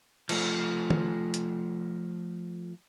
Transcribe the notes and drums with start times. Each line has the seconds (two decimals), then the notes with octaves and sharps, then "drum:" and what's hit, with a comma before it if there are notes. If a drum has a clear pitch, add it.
0.29 F3 A3, drum: cymbal
0.90 drum: tom
1.34 drum: hi-hat